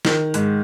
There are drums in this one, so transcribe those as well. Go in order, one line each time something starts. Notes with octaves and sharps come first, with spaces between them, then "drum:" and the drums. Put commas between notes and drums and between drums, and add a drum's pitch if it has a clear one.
D#3, drum: snare
G#2, drum: hi-hat